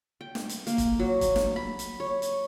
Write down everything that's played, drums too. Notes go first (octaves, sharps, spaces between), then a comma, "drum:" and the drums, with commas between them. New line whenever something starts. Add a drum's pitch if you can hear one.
G5
drum: snare
drum: hi-hat
A#3, drum: hi-hat
drum: kick, hi-hat
F#3
drum: kick, hi-hat
drum: snare
B5
drum: hi-hat
C#5
drum: hi-hat